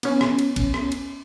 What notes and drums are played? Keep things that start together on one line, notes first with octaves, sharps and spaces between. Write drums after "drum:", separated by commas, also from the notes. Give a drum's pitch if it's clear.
B3 C#4, drum: cymbal
drum: rim click
drum: cymbal
drum: kick B1, cymbal
drum: rim click
drum: cymbal